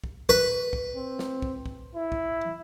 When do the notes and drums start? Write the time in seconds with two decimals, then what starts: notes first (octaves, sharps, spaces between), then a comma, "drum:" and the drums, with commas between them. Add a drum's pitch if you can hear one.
0.04 drum: kick
0.29 B4, drum: kick
0.73 drum: kick
0.96 C4
1.19 drum: snare
1.42 drum: kick
1.66 drum: kick
1.95 E4
2.12 drum: kick